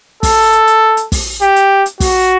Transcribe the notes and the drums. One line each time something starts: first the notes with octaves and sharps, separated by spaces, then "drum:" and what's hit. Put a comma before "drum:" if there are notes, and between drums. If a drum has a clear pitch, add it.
A4, drum: kick, open hi-hat
drum: hi-hat
drum: hi-hat
drum: hi-hat
drum: kick, open hi-hat
G4, drum: hi-hat
drum: hi-hat
drum: hi-hat
F#4, drum: kick, open hi-hat